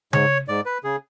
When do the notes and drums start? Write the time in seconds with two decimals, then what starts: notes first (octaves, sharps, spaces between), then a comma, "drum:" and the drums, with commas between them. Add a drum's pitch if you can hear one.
0.13 G#2 C#5, drum: tom C#3
0.48 G#2 D5
0.66 B4
0.84 C#3 G#4